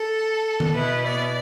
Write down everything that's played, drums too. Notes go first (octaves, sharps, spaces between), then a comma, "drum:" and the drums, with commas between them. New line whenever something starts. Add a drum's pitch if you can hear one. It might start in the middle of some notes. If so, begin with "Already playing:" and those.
Already playing: A4
drum: tom D#3
B2 B3 E4 B4
D5